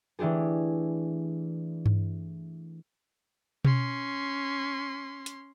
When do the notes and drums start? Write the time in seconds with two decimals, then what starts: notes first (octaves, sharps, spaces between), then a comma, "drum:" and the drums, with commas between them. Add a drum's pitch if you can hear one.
0.19 E3 A3 D4 G4 G#4
1.86 drum: tom G2
3.65 C#4 C6, drum: tom B2
5.26 drum: hi-hat